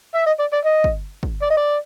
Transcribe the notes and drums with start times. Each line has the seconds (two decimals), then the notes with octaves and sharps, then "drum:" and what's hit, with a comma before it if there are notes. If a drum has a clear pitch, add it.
0.14 E5
0.26 D#5
0.39 D5
0.53 D5
0.65 D#5
0.84 drum: kick
1.23 drum: kick
1.42 D5
1.50 D#5
1.57 D5